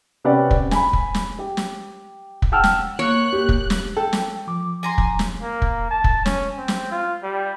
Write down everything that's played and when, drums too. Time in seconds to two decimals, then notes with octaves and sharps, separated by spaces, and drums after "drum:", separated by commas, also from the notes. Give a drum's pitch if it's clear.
0.25 C3 C#4 G4 B4 D5 F#5
0.51 drum: kick
0.71 G#5 B5, drum: snare
0.93 drum: kick
1.14 drum: snare
1.39 G4
1.57 drum: snare
2.42 drum: kick
2.52 F#5 G5 A5 E6 F6
2.64 drum: snare
2.99 A#3 C#5 F#6
3.33 G4
3.49 drum: kick
3.70 drum: snare
3.97 A4 G5
4.13 drum: snare
4.47 F3 D6
4.83 G#5 A#5 C6
4.98 drum: kick
5.19 drum: snare
5.42 A#3
5.62 drum: kick
5.91 A5
6.04 drum: kick
6.26 C#4, drum: snare
6.58 C4
6.68 drum: snare
6.91 F4
7.23 G3